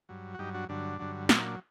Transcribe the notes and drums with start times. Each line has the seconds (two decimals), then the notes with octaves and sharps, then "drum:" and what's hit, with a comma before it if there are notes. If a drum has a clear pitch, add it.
0.09 G2 F#3
0.34 F#4
0.39 G2 F#3 D#4 G4
0.54 D4 F#4
0.69 G2 D3 F#3 D4
0.99 G2 D3 F#3
1.29 A#2 F#3 C4, drum: snare
1.38 D#4
1.45 D4